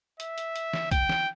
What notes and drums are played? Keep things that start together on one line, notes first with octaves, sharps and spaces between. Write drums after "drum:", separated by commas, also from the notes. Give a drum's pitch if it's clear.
E5, drum: hi-hat
drum: hi-hat
drum: hi-hat
drum: snare
G5, drum: kick, hi-hat
drum: snare